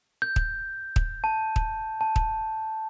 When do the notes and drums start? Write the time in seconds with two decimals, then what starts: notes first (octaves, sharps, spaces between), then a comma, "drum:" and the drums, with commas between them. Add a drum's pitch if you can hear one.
0.22 G6
0.36 drum: kick
0.96 drum: kick
1.24 A5
1.56 drum: kick
2.01 A5
2.16 drum: kick